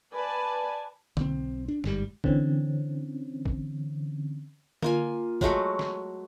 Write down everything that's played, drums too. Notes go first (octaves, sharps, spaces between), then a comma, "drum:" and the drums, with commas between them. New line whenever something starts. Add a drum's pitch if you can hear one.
B4 D5 G#5 A5
B1 C4, drum: tom D3
D4
G1 G#2 C#3 G3, drum: snare
D3 E3 C4 C#4, drum: kick
drum: kick
A#3 F4 G#5, drum: tom D3
F#3 G#3 A3 F#4, drum: kick
drum: snare